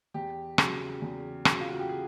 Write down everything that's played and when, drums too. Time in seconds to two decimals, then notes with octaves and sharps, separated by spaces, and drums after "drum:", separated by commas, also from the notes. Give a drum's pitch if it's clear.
0.14 E2 G4
0.58 C#3 F#3, drum: rim click
1.02 E2
1.45 C#3 F#3, drum: rim click
1.60 F4
1.70 F#4
1.79 G4
1.89 G#4